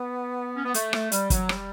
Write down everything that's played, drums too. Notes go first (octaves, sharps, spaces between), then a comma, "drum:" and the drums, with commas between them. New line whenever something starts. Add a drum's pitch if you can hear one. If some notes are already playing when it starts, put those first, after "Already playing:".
Already playing: B3
C#4
B3
A3, drum: hi-hat
A3, drum: rim click
G3, drum: hi-hat
F#3, drum: kick, hi-hat
G3, drum: rim click